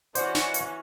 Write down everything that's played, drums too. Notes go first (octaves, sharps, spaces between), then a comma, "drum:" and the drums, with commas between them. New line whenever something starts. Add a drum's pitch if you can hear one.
E3 C#4 F#4 C5 D5 F#5, drum: hi-hat
drum: snare
drum: hi-hat